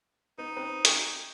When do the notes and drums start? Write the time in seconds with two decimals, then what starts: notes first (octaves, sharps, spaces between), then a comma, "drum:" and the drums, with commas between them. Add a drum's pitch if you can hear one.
0.38 B3 D#4
0.57 C4 B4
0.85 G5 G#5 C#6, drum: hi-hat